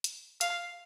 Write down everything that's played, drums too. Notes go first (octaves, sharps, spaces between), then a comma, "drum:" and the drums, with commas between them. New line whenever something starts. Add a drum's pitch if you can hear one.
drum: hi-hat
F5, drum: hi-hat